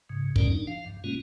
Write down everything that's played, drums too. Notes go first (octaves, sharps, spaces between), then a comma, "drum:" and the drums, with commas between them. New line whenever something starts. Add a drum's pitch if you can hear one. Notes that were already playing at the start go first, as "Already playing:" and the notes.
G#2 C#3
D#2 G3 C#4 A#4 D5, drum: kick
D4 D#4
F3 F5
G2
B2 G#3 A#3 C#4 F4